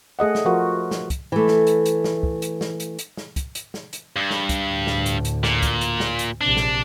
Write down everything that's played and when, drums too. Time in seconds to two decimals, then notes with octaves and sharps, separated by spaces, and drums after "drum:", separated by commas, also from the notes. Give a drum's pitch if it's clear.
0.19 A3 G#4 D#5 F#5
0.35 drum: snare
0.45 F3 F4 F#4 A#4
0.91 drum: snare
1.10 drum: kick, hi-hat
1.32 E3 A3
1.48 drum: snare
1.67 drum: hi-hat
1.86 drum: hi-hat
2.04 drum: snare
2.23 drum: kick
2.42 drum: hi-hat
2.61 drum: snare
2.80 drum: hi-hat
2.99 drum: hi-hat
3.17 drum: snare
3.36 drum: kick, hi-hat
3.55 drum: hi-hat
3.74 drum: snare
3.93 drum: hi-hat
4.16 G2
4.30 drum: snare
4.49 drum: kick, hi-hat
4.64 D2 A2
4.87 drum: snare
5.06 drum: hi-hat
5.25 drum: hi-hat
5.44 A#2, drum: snare
5.62 drum: kick, hi-hat
5.81 drum: hi-hat
6.00 drum: snare
6.19 drum: hi-hat
6.41 A#1 C3 D4
6.57 drum: snare